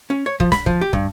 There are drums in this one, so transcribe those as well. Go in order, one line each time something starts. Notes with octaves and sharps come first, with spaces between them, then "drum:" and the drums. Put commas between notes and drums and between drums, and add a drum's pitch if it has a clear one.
C#4
C#5
F3, drum: kick
B5, drum: snare
F3, drum: kick
G4
G2, drum: kick